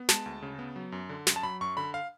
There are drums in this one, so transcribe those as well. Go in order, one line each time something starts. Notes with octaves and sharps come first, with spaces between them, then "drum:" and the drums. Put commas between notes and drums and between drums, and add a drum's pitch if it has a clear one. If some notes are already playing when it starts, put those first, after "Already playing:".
Already playing: B3
G#3 A5, drum: snare
D2
C#3
B3
F#3
F#2
D3
F#2, drum: snare
A5
F#3 B5
F#2 C#6
D3 B5
F5